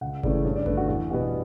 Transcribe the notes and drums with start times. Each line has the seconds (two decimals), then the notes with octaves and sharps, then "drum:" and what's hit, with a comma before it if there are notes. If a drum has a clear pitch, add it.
0.01 C#2 F#5
0.23 C#3 E3 A3 C#4 D5, drum: kick G1
0.44 G2 C#5
0.56 D5
0.66 D3 A3 B4, drum: kick G1
0.77 F#4
0.88 E2 F#4
1.10 B2 G3 B3 F#4